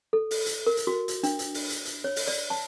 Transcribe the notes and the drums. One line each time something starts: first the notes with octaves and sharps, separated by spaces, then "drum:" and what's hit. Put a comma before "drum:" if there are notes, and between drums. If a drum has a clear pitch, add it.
A4
drum: open hi-hat
drum: hi-hat
A#4
drum: hi-hat
F#4
drum: hi-hat
D4, drum: hi-hat
drum: hi-hat
drum: open hi-hat
drum: hi-hat
drum: hi-hat
C#5
drum: open hi-hat
D5
A5